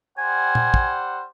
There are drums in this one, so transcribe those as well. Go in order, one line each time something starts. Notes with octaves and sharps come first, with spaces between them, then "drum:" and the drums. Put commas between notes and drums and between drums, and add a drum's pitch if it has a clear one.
G3 C5 F#5 G#5
drum: tom A#2
drum: kick